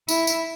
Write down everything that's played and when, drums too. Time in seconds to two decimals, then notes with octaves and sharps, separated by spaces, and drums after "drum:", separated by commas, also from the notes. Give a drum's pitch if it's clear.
0.09 E4, drum: tambourine
0.27 drum: tambourine